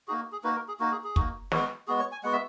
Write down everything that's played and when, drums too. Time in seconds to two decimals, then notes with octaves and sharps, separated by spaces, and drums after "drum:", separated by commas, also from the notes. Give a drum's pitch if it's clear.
0.08 A#3 D#4 F#4 G#4
0.32 G#4
0.44 A#3 D#4 F#4 B4
0.56 A#4
0.68 G#4
0.80 A#3 D#4 F#4
0.92 G#4
1.04 G#4
1.16 A#3 D#4 F#4, drum: kick
1.52 G#3 B3 F#4, drum: snare
1.88 G#3 B3 F#4 G#4
2.00 C#5
2.12 G#5
2.24 G#3 B3 F#4 F#5
2.33 E5